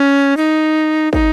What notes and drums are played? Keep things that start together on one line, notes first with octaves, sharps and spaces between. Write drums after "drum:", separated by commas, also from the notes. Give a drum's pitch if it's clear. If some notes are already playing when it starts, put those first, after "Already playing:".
Already playing: C#4
D#4
D#4, drum: kick